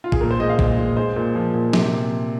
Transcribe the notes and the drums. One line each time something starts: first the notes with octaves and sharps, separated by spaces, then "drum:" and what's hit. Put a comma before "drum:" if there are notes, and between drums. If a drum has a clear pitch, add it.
F4
G#4, drum: kick
A#2 A#4
C5
G#3 D#5
F5
A#2, drum: kick
G#3
G#3 C5
A#2
F3
A#2
C3, drum: snare